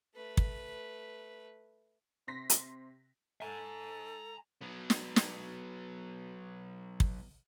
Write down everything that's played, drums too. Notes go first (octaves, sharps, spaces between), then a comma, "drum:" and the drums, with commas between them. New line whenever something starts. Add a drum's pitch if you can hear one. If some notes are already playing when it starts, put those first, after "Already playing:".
A3 B4
drum: kick
C3 C6 A#6 B6
drum: hi-hat
A4 G#5 A#5
F#3 B3
drum: snare
drum: snare
drum: kick